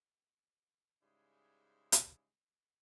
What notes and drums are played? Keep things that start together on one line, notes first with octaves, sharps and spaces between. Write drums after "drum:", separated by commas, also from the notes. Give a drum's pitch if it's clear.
G#2 C#3 G3 G#3 E4
drum: hi-hat